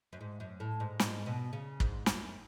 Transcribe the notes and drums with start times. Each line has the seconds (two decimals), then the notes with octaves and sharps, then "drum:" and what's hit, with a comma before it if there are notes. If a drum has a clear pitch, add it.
0.13 F#2
0.21 G#2
0.40 F#2
0.60 A2
0.80 G#2
1.00 G#2, drum: snare
1.26 B2
1.53 C#3
1.80 G#2, drum: kick
2.06 F#2, drum: snare